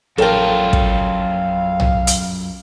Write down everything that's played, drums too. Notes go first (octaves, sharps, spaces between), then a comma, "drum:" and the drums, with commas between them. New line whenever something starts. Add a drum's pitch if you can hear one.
A#1 F#2 F4 A4 A#4 C#5 F5 G5
drum: kick
drum: tom B1
drum: hi-hat